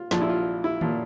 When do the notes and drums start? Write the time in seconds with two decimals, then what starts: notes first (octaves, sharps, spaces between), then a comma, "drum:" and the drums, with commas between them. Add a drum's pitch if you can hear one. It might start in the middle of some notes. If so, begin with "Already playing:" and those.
Already playing: F4
0.11 A#1 A#2 F3 F4, drum: snare
0.22 E4
0.29 F4
0.64 E4
0.81 A#2 F3 F4, drum: tom D#3